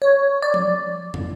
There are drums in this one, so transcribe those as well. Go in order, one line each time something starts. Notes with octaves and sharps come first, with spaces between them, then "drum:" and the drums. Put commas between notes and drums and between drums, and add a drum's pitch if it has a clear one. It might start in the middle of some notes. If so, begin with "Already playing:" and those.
C#5
D5
drum: tom F3
drum: tom